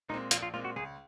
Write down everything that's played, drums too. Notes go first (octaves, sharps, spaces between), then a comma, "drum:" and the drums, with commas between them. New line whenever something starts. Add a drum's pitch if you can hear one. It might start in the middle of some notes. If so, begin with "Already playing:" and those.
A#2 G#3 C4 D#4
A#1 F4, drum: hi-hat
F4
A#2 G#3 C4 F4
F#4
C#2 G#4